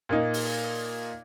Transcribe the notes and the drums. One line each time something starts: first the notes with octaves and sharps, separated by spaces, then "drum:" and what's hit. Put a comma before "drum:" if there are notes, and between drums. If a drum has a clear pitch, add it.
A#2 A#3 D#4
drum: open hi-hat